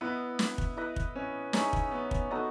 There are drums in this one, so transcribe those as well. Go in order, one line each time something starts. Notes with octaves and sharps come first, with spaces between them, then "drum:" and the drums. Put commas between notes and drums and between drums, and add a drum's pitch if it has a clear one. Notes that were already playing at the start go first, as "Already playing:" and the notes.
B3 E4 B4 D#5
drum: snare
drum: kick
E4 B4 D#5
drum: kick
C#4
C#4 D#4 G#4 C#5 E5, drum: snare
drum: kick
B3
drum: kick
B3 D#4 F#4 A4 D#5